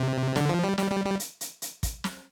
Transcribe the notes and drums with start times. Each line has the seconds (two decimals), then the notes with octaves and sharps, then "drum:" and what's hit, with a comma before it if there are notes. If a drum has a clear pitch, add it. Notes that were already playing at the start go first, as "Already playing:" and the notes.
Already playing: C3
0.36 D3, drum: snare
0.49 F3
0.64 G3
0.78 G3, drum: snare
0.91 G3
1.06 G3
1.20 drum: hi-hat
1.41 drum: hi-hat
1.62 drum: hi-hat
1.83 drum: kick, hi-hat
2.04 drum: snare